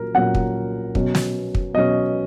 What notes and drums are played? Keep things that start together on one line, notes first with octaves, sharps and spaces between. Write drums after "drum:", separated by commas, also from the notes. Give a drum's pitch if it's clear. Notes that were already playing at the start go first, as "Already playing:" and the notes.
Already playing: A#2 F#3 C#4 A#4
A#2 F#3 C#4 F#5
drum: kick
B2 F#3 C#4, drum: kick
drum: snare
drum: kick
B2 F#3 C#4 D#5